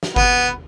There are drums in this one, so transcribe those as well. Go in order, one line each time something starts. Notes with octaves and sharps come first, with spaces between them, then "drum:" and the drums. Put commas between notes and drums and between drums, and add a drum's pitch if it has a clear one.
drum: snare
B3, drum: kick G1